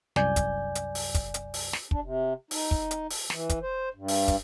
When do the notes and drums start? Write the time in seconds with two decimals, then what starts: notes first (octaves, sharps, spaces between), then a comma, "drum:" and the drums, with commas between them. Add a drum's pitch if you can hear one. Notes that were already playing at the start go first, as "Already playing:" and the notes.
0.16 C2 F#2 D5 G#5 G6, drum: snare
0.36 drum: kick, hi-hat
0.75 drum: hi-hat
0.95 drum: open hi-hat
1.14 drum: kick, hi-hat
1.34 drum: hi-hat
1.54 drum: open hi-hat
1.73 drum: snare
1.91 D4, drum: kick
2.04 C3
2.51 D#4, drum: open hi-hat
2.71 drum: kick
2.91 drum: hi-hat
3.10 drum: open hi-hat
3.30 E3, drum: snare
3.49 drum: kick, hi-hat
3.62 C5
3.94 G2
4.08 drum: open hi-hat
4.28 drum: kick, hi-hat